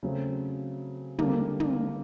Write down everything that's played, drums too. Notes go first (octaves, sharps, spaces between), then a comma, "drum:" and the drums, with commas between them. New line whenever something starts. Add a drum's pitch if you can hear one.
C#3 F#3 A3 C4
D3 G3 A#3, drum: tom
drum: tom